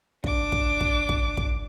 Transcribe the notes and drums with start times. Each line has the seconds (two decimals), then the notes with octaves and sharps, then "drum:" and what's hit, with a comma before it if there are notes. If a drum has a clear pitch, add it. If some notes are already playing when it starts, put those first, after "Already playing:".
0.24 D4 D6, drum: kick
0.52 drum: kick
0.81 drum: kick
1.09 drum: kick
1.37 drum: kick